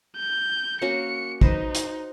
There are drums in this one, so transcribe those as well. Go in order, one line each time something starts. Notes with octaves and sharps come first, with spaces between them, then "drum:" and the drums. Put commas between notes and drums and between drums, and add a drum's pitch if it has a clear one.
G6
A#3 C#4 F#4 C#7
D#4 B4 C5 D#5, drum: kick
drum: hi-hat